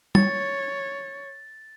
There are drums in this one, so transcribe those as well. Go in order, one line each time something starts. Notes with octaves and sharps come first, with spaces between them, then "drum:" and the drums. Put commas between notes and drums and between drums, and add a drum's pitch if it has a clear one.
C#5 A6, drum: tom